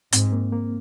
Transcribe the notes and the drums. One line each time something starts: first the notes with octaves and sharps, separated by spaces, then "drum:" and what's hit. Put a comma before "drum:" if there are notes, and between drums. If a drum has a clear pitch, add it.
G#2 C4, drum: hi-hat
A#3
A#3